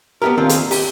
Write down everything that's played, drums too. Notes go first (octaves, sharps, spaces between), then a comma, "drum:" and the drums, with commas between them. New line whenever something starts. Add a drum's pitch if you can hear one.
B3 D4 F4 G4 A#4
D#2 C4 D4 F4
drum: hi-hat
G4, drum: open hi-hat